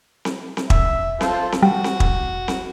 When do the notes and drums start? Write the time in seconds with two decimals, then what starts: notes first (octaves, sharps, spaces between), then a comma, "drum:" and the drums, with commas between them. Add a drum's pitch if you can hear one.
0.25 drum: snare C4
0.57 drum: snare C4
0.70 E5, drum: kick
1.21 F4 A4 C5, drum: snare C4
1.52 drum: snare C4
1.62 G3 F#4
1.84 drum: snare C4
2.00 drum: kick
2.48 drum: snare C4